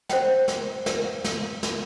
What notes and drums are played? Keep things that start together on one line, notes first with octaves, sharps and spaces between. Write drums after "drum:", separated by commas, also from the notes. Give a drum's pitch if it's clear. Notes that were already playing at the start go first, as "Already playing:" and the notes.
C5 F#5 G5, drum: snare
drum: snare
drum: snare
drum: snare
drum: snare